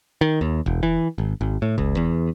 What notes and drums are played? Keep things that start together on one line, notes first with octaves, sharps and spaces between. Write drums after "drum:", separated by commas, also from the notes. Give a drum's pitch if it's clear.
D#3
D#2
E1, drum: kick F1
E3
G#1
G#1
A2
C#2, drum: kick F1
E2